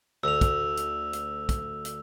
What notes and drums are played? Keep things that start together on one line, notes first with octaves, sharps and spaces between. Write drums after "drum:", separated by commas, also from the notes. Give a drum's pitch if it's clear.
D2 E6 F7
drum: kick, hi-hat
drum: hi-hat
drum: hi-hat
drum: kick, hi-hat
drum: hi-hat